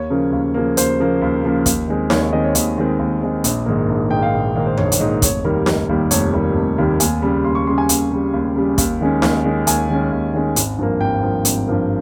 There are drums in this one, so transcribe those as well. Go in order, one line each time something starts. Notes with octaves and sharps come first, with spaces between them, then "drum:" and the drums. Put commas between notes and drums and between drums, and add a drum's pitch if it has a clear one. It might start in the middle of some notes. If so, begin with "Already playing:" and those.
Already playing: D#2 C#5
C#3 F3 A#3
D#2
C#3 F3 A#3
D#2 C5, drum: hi-hat
C#3 F3 A#3
D#2
C#3 F3 A#3
D#2, drum: kick, hi-hat
D#3 G#3 C4
D#2 C#5, drum: snare D#4
C#5
D#3 G#3 C4 D#5
C#5
D#2 C#5, drum: hi-hat
D#3 G#3 C4
D#2
D#3 G#3 C4
A#1, drum: hi-hat
G#2 D#3 A#3
A#1
G#2 D#3 A#3 G5
F5
A#1
G#2 D#3 A#3
C5
A#1 C#5, drum: tom F2
C#5, drum: hi-hat
G#2 D#3 A#3 D#5
F1 C#5, drum: kick, hi-hat
D#2 D#3 G3 A#3
F1, drum: snare D#4
D#2 D#3 G3 A#3
F1 C#5, drum: hi-hat
D#2 D#3 G3 A#3
F1
D#2 D#3 G3 A#3
D#2 G#5, drum: hi-hat
C#3 G3
D#2 C6
C#6
C#3 G3 C6
G#5
D#2, drum: hi-hat
C#3 G3
D#2
C#3 G3
D#2, drum: kick, hi-hat
D#3 G#3 C#4
D#2, drum: snare D#4
D#3 G#3 C#4
D#2 G#5, drum: hi-hat
D#3 G#3 C#4
D#2
D#3 G#3 C#4
G#1, drum: hi-hat
G2 F3 A#3
G#1 G5
G2 F3 A#3
G#1, drum: hi-hat
G2 F3 A#3